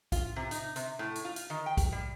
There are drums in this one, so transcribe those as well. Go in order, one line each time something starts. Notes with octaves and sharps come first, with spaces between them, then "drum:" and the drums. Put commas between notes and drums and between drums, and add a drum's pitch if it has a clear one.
F4, drum: kick, hi-hat
C3
D#4, drum: hi-hat
C3, drum: hi-hat
A2
drum: hi-hat
F4
drum: hi-hat
D#3
G5
drum: kick, hi-hat
G3